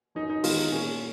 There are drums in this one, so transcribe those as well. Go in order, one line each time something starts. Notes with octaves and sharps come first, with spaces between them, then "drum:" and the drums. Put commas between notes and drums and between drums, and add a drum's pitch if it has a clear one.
F#2 D#4
D#4
D#3 G#3 B3 F4, drum: open hi-hat
D#4
A#2 C#4